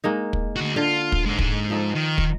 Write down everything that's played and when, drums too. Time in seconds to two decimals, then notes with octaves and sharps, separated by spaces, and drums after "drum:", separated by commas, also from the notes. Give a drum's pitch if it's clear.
0.04 G#3 A#3 D#4
0.33 drum: kick
0.56 D2 F#4
0.76 D3 F4
1.12 drum: kick
1.25 G#2 G#3
1.39 drum: kick
1.70 F3 D#4 A4
1.95 D#3
2.18 drum: kick